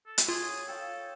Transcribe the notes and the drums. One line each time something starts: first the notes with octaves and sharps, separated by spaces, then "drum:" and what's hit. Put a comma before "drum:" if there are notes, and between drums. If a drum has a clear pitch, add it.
A4
drum: hi-hat
F4 G#4 C#5 F#5
A4 C#5 F5 G5